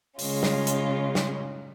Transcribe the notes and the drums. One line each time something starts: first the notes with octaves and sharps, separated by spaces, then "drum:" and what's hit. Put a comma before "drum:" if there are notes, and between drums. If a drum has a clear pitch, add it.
C#3 G#3 C#4 F4, drum: open hi-hat
drum: snare
drum: hi-hat
drum: snare